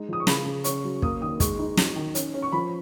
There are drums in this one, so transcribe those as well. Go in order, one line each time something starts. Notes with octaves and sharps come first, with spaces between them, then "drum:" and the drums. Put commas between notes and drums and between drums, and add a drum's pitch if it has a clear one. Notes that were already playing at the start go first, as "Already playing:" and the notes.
Already playing: G#3 D#4
F3 D#6
C#6
C#3 B5, drum: snare
C#3
C#4 C#6, drum: hi-hat
F#3
A#3 D#6, drum: kick
D#3 D#6
G#3 C#6, drum: kick, hi-hat
D#4
F#3, drum: snare
D#3
C#4, drum: hi-hat
C#4
C#6
F3 B5